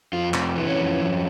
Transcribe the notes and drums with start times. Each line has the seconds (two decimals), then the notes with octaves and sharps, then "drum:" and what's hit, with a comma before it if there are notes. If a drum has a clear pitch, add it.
0.13 F2 F4
0.34 C3, drum: clap
0.56 E3
0.67 C#4
0.78 F2
1.01 F2